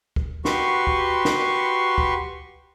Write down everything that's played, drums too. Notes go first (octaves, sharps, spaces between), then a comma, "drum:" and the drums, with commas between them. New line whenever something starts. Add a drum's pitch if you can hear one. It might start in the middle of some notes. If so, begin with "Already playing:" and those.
drum: kick
F#4 G4 B4 C6 C#6, drum: snare
drum: kick
drum: snare
drum: kick